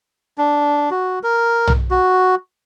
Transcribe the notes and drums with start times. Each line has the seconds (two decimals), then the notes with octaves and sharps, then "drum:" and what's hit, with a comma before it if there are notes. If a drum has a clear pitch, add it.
0.38 D4
0.91 F#4
1.23 A#4
1.67 drum: tom
1.91 F#4